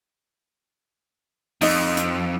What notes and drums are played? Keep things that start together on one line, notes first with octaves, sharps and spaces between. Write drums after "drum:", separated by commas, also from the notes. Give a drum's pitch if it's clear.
F2 D#4 D#5, drum: open hi-hat
drum: hi-hat